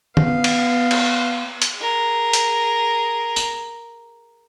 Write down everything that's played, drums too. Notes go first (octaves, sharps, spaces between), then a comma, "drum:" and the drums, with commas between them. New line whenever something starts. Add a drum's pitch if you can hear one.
B3 F5, drum: tom D#3
drum: cymbal
drum: cymbal
drum: hi-hat
G#4 A#4
drum: hi-hat
drum: tambourine